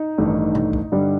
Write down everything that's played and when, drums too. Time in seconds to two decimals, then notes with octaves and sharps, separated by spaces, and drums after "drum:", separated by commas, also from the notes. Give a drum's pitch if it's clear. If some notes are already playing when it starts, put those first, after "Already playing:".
Already playing: D#4
0.18 A1 G2 D#3 A3
0.55 drum: tom B2
0.73 drum: kick
0.92 G2 D3 G3